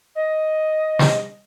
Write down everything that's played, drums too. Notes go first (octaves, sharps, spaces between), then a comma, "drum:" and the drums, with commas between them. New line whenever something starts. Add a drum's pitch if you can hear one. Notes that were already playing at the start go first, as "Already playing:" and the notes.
D#5
drum: snare